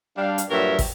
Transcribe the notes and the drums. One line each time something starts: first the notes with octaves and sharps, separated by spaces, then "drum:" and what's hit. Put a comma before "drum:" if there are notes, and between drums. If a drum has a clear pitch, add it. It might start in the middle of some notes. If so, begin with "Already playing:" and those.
G3 D4 F5
drum: hi-hat
G2 A#2 F#3 A#4 C#5 E5
drum: kick, open hi-hat